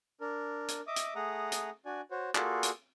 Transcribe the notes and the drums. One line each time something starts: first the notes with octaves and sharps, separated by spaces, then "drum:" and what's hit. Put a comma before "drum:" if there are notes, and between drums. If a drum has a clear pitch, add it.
D4 A#4
drum: hi-hat
D#5 E5 D6 D#6
drum: hi-hat
A3 G#4 F#5 A#5 D#6
drum: hi-hat
D4 F#4 D5 G#5
F#4 C5 C#5
A#3 F4 F#4 G#4 A4 D5, drum: clap
drum: hi-hat